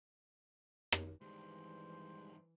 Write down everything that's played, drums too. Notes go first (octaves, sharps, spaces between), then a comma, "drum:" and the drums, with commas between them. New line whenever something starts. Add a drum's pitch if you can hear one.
drum: rim click
G2 D#3 E3 G3 G#3 C5